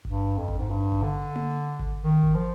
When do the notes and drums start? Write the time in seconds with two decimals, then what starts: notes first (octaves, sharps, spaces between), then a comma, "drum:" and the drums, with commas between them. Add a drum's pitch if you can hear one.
0.05 G2, drum: kick G#1
0.37 F2
0.48 drum: kick G#1
0.58 G#2
0.70 G2
0.92 drum: kick G#1
1.03 D3
1.36 drum: tom A#3
1.79 drum: kick G#1
2.01 D#3
2.23 drum: kick G#1
2.34 F3